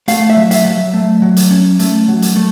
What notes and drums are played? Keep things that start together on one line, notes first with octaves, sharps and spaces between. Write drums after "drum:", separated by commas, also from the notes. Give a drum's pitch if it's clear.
A3 F5, drum: hi-hat
E5
F#3
E5, drum: hi-hat
F#3
A3
F#3
drum: hi-hat
C#4
A3, drum: hi-hat
F#3
drum: hi-hat
A3